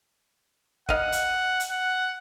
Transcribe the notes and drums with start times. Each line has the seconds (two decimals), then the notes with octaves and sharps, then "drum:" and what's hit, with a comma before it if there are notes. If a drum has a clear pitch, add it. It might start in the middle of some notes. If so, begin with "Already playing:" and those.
0.89 D#5 F5 F#5, drum: kick
1.12 drum: hi-hat
1.60 drum: hi-hat
1.70 F#5